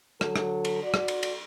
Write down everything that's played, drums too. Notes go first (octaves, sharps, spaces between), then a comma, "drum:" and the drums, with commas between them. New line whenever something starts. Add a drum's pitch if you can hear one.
D3 F#3 A4, drum: rim click
drum: rim click
drum: cymbal
F#4 D5
drum: rim click
drum: cymbal
drum: cymbal